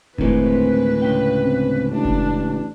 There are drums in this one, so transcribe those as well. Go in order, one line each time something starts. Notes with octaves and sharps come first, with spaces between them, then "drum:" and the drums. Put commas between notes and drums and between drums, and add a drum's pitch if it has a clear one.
D2 A2 D#3 E3 G#3 C4 B4, drum: kick F1
C#2 C#4 G5
C4
A1 D4
drum: kick F1